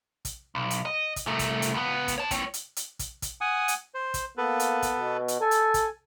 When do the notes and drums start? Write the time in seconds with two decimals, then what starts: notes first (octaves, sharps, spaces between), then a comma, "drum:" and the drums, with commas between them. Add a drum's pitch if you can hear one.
0.25 drum: kick, hi-hat
0.55 B1
0.70 drum: hi-hat
0.85 D#5
1.16 drum: kick, hi-hat
1.27 C2 A3
1.39 drum: kick, hi-hat
1.62 drum: hi-hat
1.74 C#2 B3
2.08 drum: kick, hi-hat
2.18 C#5 A5
2.31 C4 C#5, drum: kick, hi-hat
2.54 drum: hi-hat
2.76 drum: hi-hat
2.99 drum: kick, hi-hat
3.22 drum: kick, hi-hat
3.41 F#5 G#5 D#6
3.68 drum: hi-hat
3.94 C5
4.14 drum: kick, hi-hat
4.38 A#3 B3 A4 B4
4.60 drum: hi-hat
4.82 drum: kick, hi-hat
4.99 B2
5.28 drum: hi-hat
5.41 A4 G#5
5.51 drum: hi-hat
5.74 drum: kick, hi-hat